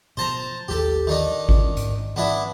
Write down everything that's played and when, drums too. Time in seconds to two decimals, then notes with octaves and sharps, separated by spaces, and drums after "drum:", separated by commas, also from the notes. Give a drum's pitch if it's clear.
0.17 B2 F3 C5 A5 A#5
0.68 A1 D#2 F3 G4 A4
1.07 D#3 D4 D#4
1.49 C#4, drum: kick G#1
1.77 G#2, drum: hi-hat
2.16 B3 D4 E4, drum: tom E3